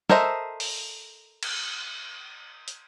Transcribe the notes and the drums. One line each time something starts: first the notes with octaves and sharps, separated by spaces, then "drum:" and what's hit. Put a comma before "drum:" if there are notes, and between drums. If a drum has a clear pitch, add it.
A4 A#4 C5 D#5 E5, drum: snare
drum: open hi-hat
drum: cymbal
drum: hi-hat